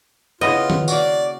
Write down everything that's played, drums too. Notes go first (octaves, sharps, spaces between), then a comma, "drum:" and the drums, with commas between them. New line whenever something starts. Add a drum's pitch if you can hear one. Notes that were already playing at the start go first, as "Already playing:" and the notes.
C#3 B3 E4 F4 D#5
drum: tom D#3
A#3 F#4 D5, drum: tambourine